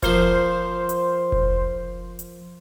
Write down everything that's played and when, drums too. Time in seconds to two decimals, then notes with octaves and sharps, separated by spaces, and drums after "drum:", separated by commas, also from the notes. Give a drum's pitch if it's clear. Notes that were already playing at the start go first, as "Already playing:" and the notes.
0.03 F3 A#3 F4 C5, drum: kick F1, hi-hat
0.89 drum: hi-hat
1.32 drum: kick F1
2.19 drum: hi-hat